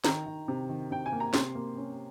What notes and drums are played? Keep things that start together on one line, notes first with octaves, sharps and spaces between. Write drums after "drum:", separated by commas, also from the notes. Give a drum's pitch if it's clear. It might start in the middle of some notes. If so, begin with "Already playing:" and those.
D#3 A#5, drum: snare
D#3
C3
D#3
C3 G5
G#5
A#3
A#5
C3 C6, drum: snare
A#3
C#4